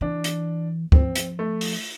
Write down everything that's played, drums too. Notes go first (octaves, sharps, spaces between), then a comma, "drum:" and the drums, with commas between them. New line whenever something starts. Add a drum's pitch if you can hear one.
E3 D4
drum: hi-hat
F3 C4, drum: kick
drum: hi-hat
A3
drum: open hi-hat